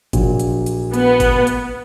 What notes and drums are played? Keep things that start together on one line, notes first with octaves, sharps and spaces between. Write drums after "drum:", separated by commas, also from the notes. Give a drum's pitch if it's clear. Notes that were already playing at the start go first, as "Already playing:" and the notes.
A#1 A#2 F#3, drum: kick G1, hi-hat
drum: hi-hat
drum: hi-hat
B3, drum: hi-hat
drum: kick G1, hi-hat
drum: hi-hat